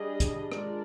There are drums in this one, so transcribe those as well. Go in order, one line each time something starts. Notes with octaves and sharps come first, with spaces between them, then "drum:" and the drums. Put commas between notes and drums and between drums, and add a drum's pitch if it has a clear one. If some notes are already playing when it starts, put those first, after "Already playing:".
Already playing: G3 D4 G#4 D#5
drum: kick, hi-hat
G#3 D4 F4 A#4 D5, drum: rim click